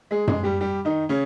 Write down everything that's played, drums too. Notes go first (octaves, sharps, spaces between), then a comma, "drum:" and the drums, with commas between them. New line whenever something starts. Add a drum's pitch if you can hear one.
G#3 G#4
G#3 G#4, drum: tom F#2
G3 G4
G3 G4
D#3 D#4
C#3 C#4